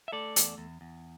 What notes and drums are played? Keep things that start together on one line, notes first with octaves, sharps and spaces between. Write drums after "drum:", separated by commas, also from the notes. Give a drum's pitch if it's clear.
E5
A3 A4 D5
E2, drum: hi-hat
E2
E2